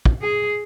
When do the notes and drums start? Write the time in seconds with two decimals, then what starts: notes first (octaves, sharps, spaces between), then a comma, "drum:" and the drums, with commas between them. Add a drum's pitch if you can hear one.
0.05 drum: kick
0.21 G#4